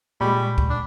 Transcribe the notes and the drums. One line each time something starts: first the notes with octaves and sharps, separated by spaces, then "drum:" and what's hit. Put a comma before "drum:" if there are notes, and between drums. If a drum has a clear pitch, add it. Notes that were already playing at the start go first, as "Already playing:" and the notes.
A#2 G3 G#3 B5 C#6
drum: kick
D4